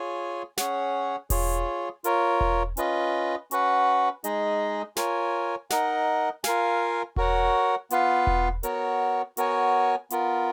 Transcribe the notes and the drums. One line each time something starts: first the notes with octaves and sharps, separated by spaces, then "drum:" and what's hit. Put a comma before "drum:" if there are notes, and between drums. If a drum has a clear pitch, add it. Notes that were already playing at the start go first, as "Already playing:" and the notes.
Already playing: F4 G#4 C#5 G#5
C#4 G#4 C#5 F#5, drum: snare
F4 G#4 C#5, drum: kick E1, open hi-hat
F4 A#4 C#5, drum: hi-hat
drum: kick E1
C#4 F4 B4 D#5, drum: hi-hat
C#4 F#4 B4 F#5, drum: hi-hat
G#3 D#4 G#4 D#5, drum: hi-hat
F4 A#4 C#5 G#5, drum: snare
D#4 A#4 D#5 F#5, drum: snare
F4 A#4 F5 G#5, drum: snare
F#4 A#4 C#5 F#5, drum: kick E1
B3 F4 B4 F5, drum: hi-hat
drum: kick E1
B3 F#4 A#4 C#5, drum: hi-hat
B3 F#4 A#4 C#5 G#5, drum: hi-hat
B3 F4 A#4, drum: hi-hat